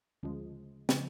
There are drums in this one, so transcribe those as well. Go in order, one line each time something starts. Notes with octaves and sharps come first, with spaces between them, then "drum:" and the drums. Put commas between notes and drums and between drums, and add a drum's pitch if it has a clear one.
D2 C#3 F3 G#3
C#3 F3 G#3, drum: snare